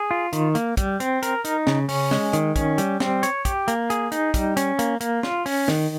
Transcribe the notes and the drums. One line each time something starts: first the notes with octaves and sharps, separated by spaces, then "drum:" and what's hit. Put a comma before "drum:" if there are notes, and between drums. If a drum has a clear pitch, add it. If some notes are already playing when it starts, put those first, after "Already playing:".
Already playing: G#4
F4
D#3, drum: hi-hat
A#3, drum: hi-hat
G3, drum: kick, hi-hat
C4, drum: hi-hat
A#4, drum: hi-hat
D#4, drum: hi-hat
C#3, drum: snare
C#4, drum: open hi-hat
G#3, drum: snare
D#3, drum: hi-hat
C#4, drum: kick, hi-hat
G3, drum: hi-hat
C4, drum: snare
C#5, drum: hi-hat
G4, drum: kick, hi-hat
A#3, drum: hi-hat
G#4, drum: hi-hat
D#4, drum: hi-hat
G3, drum: kick, hi-hat
C#4, drum: hi-hat
A#3, drum: hi-hat
A#3, drum: hi-hat
F4, drum: snare
C#4, drum: open hi-hat
D#3, drum: snare